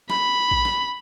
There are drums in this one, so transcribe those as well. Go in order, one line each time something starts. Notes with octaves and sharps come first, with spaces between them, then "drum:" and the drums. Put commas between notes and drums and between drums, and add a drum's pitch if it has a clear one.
B5, drum: snare
drum: kick A#1
drum: snare